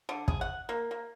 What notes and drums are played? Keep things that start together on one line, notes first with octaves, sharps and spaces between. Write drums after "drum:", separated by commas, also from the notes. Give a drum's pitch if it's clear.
D3
G#4, drum: kick
F#5
A#3
A#3